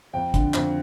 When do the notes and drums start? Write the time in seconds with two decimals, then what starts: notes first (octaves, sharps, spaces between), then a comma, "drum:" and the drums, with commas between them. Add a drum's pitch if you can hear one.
0.13 F2 G5
0.34 D3, drum: kick, hi-hat
0.54 F2, drum: clap